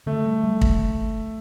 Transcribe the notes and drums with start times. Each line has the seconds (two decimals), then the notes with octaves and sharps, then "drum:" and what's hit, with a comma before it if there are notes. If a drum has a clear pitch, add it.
0.06 D3 A3
0.25 G3
0.43 G3
0.62 drum: kick